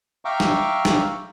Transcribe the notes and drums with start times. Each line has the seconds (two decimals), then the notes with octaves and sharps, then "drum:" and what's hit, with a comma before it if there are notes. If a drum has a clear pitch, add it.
0.25 E5 F5 G5 A#5 C#6 D6
0.40 drum: snare
0.85 drum: snare